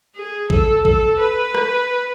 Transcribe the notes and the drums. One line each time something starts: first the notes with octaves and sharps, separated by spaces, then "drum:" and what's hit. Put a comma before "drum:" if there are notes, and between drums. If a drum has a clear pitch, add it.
G#4
A4, drum: kick A1
A4, drum: kick A1
B4
drum: rim click